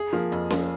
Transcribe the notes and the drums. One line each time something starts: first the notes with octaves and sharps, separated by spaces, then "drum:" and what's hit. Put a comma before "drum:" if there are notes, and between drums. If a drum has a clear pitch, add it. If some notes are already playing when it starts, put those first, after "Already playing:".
Already playing: G#4
F3 A#3
F2, drum: hi-hat
F3 A#3, drum: snare C#4